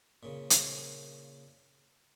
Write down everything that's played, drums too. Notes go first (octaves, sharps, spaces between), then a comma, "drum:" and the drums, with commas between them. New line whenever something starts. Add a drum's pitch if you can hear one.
A#2 C#3
drum: hi-hat